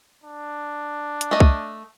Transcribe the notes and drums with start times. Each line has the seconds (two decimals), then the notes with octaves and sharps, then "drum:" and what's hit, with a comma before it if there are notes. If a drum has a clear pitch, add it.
0.24 D4
1.21 drum: hi-hat
1.31 A3 D#5
1.40 drum: kick C2